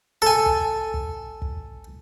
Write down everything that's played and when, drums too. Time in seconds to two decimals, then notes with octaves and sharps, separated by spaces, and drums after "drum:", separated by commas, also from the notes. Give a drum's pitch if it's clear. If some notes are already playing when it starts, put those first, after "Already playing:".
0.22 A4 G#5
0.46 drum: kick
0.94 drum: kick
1.42 drum: kick